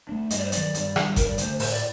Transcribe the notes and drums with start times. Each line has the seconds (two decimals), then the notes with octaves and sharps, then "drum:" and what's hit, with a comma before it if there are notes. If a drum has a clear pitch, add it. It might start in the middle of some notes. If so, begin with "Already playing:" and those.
0.09 A3 D4
0.30 G2 D#5, drum: hi-hat
0.38 D5
0.45 C5
0.52 F#3 D5, drum: hi-hat
0.57 D#3
0.74 G2, drum: hi-hat
0.96 D#3 G3 D4, drum: rim click
1.16 G2 A#4, drum: kick G1, hi-hat
1.28 D5
1.38 D3 A3 C5, drum: hi-hat
1.60 A2 C5, drum: open hi-hat
1.71 D5